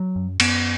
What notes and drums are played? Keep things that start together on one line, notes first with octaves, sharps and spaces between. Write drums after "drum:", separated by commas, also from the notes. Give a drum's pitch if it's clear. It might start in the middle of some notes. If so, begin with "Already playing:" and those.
Already playing: F#3
F#2
F#2 B3, drum: cymbal